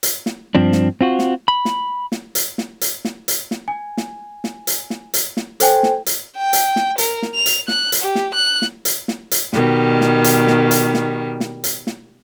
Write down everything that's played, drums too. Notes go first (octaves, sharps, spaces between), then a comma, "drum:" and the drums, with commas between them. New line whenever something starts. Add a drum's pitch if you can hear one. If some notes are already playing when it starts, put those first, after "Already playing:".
drum: hi-hat
drum: snare
G2 F3 C4 D4
drum: snare
C4 F4 F#4
drum: snare
B5
drum: snare
drum: snare
drum: hi-hat
drum: snare
drum: hi-hat
drum: snare
drum: hi-hat
drum: snare
G#5
drum: snare
drum: snare
drum: hi-hat
drum: snare
drum: hi-hat
drum: snare
A4 C5 G5 G#5, drum: hi-hat
drum: snare
drum: hi-hat
G5
drum: hi-hat
drum: snare
A#4, drum: hi-hat
drum: snare
F7
drum: hi-hat
F#6, drum: snare
drum: hi-hat
G4
drum: snare
F#6
drum: snare
drum: hi-hat
drum: snare
drum: hi-hat
B2 D#3 G3, drum: snare
drum: snare
drum: hi-hat
drum: snare
drum: hi-hat
drum: snare
drum: snare
drum: hi-hat
drum: snare